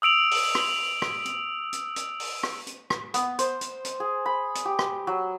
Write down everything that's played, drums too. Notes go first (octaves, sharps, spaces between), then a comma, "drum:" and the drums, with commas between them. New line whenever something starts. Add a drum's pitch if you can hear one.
D#6 E6 D7 F7 F#7
drum: open hi-hat
drum: rim click
drum: rim click
drum: hi-hat
drum: hi-hat
drum: hi-hat
drum: open hi-hat
drum: rim click
drum: hi-hat
drum: rim click
B3, drum: hi-hat
C5, drum: hi-hat
drum: hi-hat
drum: hi-hat
G#4
B5
drum: hi-hat
G4
drum: rim click
F#3